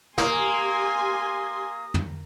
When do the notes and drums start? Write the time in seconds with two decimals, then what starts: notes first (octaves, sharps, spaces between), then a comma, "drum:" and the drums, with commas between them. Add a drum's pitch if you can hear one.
0.18 A#3 G4 G#5 C6 D#6, drum: snare
1.94 drum: tom